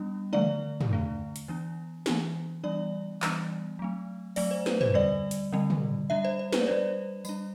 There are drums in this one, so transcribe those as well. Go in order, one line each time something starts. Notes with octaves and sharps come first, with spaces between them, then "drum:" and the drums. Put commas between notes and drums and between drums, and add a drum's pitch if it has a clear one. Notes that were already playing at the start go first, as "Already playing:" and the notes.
Already playing: G3 B3 D4
D3 A3 D4 D5, drum: tom
drum: tom
D3 A3 D4
drum: hi-hat
E3 B3 D4
E3 B3 D4, drum: snare
E3 G3 B3 D4 D5
E3 G3 B3 D4, drum: clap
F#3 A3 C4
F#3 A3 C4 D5, drum: open hi-hat
C5
B4, drum: snare
C5, drum: tom
D3 G3 C4 D5
drum: hi-hat
D3 G3 C4
drum: tom
G3 D4 E5
C5
C5
B4, drum: snare
D5
G3 D4 C5
G3 D4, drum: tambourine